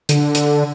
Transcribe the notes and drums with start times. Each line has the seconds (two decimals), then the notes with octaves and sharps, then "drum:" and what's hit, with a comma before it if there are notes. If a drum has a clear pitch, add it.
0.09 D3, drum: hi-hat
0.35 drum: hi-hat